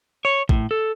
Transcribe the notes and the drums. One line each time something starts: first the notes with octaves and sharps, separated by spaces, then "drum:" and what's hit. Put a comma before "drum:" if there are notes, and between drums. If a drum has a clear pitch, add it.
C#5
A2, drum: kick
A4